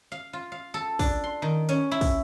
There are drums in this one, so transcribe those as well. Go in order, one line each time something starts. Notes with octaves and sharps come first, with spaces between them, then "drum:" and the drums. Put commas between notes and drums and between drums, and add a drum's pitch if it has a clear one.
F5
F4
F5
A4
D4, drum: kick, open hi-hat
C6
D#3
C#4, drum: hi-hat
E4
drum: kick, open hi-hat